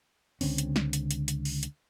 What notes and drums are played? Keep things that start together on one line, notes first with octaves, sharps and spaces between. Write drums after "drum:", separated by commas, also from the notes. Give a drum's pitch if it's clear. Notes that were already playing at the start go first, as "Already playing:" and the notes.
C#2 D3 C4 C#4, drum: open hi-hat
drum: hi-hat
drum: snare
drum: hi-hat
drum: hi-hat
drum: hi-hat
drum: open hi-hat
drum: hi-hat